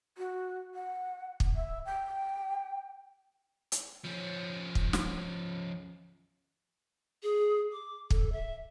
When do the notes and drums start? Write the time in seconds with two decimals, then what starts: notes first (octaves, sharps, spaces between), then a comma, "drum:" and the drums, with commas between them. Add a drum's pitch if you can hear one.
0.18 F#4
0.74 F#5
1.40 drum: kick
1.56 E5
1.85 G5
3.72 drum: hi-hat
4.04 F3 C#4
4.75 drum: kick
4.93 drum: snare
7.23 G#4
7.73 D6
8.10 A4, drum: kick
8.32 E5